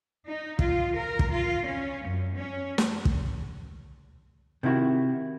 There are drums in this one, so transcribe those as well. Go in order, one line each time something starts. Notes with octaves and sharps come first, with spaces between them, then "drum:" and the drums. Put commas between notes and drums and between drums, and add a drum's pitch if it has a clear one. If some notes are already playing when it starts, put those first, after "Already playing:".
D#4
F4, drum: kick
A#4
drum: kick
F4
C#4
F#2
C#4
drum: snare
drum: kick
C3 D#3 E4 F#4